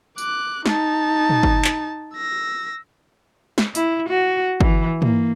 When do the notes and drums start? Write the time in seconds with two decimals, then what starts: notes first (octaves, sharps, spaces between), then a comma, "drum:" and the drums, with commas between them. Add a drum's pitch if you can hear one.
0.18 D6 F#6, drum: tambourine
0.66 D#4 A5, drum: snare
1.30 drum: tom
1.43 drum: kick
1.64 drum: clap
2.14 E6 A#6
3.58 drum: snare
3.75 E4, drum: hi-hat
4.09 F#4
4.61 E3, drum: kick
5.02 A#3, drum: tom